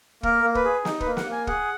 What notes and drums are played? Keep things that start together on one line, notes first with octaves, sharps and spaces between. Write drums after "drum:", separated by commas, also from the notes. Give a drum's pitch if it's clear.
A#3 A#4, drum: kick
A#3
B4, drum: kick
G#4
D#4, drum: snare
B4, drum: kick
A#3
F#5, drum: snare
A#3 G#5
G#4 F#5, drum: kick